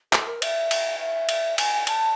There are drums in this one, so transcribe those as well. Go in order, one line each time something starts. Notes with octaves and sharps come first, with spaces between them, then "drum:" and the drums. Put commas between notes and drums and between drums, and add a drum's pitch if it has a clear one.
A4, drum: clap
A#4
E5, drum: cymbal
drum: cymbal
E5
drum: cymbal
G#5, drum: cymbal
A5, drum: cymbal